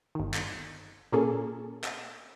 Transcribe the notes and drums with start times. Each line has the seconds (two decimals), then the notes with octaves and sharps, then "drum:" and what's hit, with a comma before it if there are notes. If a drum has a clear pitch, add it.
0.15 G1 D#3
0.34 drum: clap
1.12 A#2 A#3 C#4 G#4 A4
1.84 drum: clap